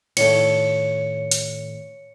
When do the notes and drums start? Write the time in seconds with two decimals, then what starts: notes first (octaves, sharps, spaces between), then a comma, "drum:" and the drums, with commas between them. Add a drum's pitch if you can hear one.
0.17 A2 D#3 A3 C#5 C#7, drum: cymbal
1.31 drum: hi-hat